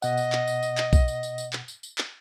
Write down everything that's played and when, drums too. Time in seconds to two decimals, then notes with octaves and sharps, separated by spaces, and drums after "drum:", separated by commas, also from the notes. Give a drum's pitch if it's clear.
0.02 B2 D#5 F#5, drum: tambourine
0.17 drum: tambourine
0.32 drum: clap
0.48 drum: tambourine
0.63 drum: tambourine
0.78 drum: clap
0.93 drum: kick B1, tambourine
1.08 drum: tambourine
1.23 drum: tambourine
1.38 drum: tambourine
1.53 drum: clap
1.68 drum: tambourine
1.83 drum: tambourine
1.98 drum: clap